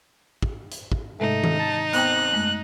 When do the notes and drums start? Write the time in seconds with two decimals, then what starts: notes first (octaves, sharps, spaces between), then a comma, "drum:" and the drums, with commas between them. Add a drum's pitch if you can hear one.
0.42 drum: kick
0.72 drum: hi-hat
0.92 drum: kick
1.20 G#2 C3 G#3 A3 D#4
1.44 drum: tom D#3
1.59 A5
1.93 B3 C4 G5 F#6, drum: hi-hat
2.33 F#2 G#3 A3